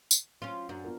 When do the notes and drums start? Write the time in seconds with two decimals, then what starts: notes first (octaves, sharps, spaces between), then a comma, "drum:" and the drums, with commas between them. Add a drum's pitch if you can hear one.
0.11 drum: tambourine
0.42 F#3 C#4 F4 C5 F5
0.69 F#2 D4
0.84 B3 F4 A#4